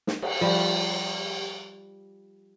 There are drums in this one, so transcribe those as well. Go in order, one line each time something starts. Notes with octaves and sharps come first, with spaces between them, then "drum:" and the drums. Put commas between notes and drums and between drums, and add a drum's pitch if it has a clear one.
drum: snare
drum: cymbal
F3 G3